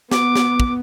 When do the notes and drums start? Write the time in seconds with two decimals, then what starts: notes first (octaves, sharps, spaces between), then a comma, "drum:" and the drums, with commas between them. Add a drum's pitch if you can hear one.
0.12 B3 D6, drum: snare
0.36 drum: snare
0.60 drum: kick